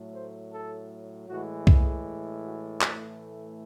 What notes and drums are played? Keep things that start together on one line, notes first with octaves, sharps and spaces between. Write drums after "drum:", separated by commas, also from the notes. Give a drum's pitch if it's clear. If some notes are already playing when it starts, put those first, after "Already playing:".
Already playing: A2 F#3 A3
C5
A4
A2 E3 G#3 F#4
G#4, drum: kick C2
F#4
A2 E3 A3 E4, drum: clap